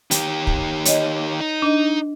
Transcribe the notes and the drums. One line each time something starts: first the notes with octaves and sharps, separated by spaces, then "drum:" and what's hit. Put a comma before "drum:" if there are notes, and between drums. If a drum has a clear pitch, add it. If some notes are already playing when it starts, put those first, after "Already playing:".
D#3 G4, drum: hi-hat
drum: kick
C#5 D#5, drum: hi-hat
D#4
D4 D#5